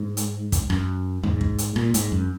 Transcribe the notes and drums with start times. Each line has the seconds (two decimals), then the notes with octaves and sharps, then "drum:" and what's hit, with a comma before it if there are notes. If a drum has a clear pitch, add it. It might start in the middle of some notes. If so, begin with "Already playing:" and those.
Already playing: G#2
0.17 drum: hi-hat
0.52 drum: kick, hi-hat
0.70 F#2, drum: rim click
1.23 G#2, drum: tom D#2
1.41 drum: kick
1.58 drum: hi-hat
1.76 A#2, drum: rim click
1.94 G#2, drum: hi-hat
2.12 F#2